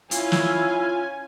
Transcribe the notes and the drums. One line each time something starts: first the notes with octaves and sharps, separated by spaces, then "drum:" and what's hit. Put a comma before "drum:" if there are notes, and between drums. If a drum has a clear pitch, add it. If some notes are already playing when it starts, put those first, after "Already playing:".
C#4 E4 F4 G#5, drum: hi-hat
drum: snare